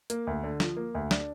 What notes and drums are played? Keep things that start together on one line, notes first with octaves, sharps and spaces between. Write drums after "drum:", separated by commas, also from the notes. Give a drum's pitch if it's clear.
A#3, drum: hi-hat
D2
D3
F3, drum: snare
A#3
D2
D4, drum: snare